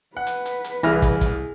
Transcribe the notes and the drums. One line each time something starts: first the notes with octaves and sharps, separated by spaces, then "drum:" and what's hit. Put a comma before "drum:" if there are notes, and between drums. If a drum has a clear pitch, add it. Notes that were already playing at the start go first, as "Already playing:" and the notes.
B4 F#5
drum: hi-hat
drum: hi-hat
drum: hi-hat
C2 E3 E4 G#4 F6 A#6, drum: hi-hat
drum: kick, hi-hat
drum: kick, hi-hat